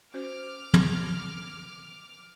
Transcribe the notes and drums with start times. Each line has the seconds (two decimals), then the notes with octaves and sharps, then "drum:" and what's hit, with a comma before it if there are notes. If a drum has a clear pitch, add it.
0.14 C#4 F#4 C5 D6 F6
0.74 drum: tom